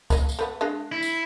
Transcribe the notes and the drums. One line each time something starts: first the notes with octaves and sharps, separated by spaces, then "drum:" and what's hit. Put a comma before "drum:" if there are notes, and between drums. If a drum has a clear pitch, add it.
A#3 D#5, drum: kick C#2, tambourine
drum: tambourine
A3 B3
G#3 D4 D#5
E4
drum: tambourine